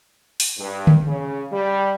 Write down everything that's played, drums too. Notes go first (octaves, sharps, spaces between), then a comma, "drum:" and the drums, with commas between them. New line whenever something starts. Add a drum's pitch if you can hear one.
drum: open hi-hat
G2
drum: tom D3
C#3
G3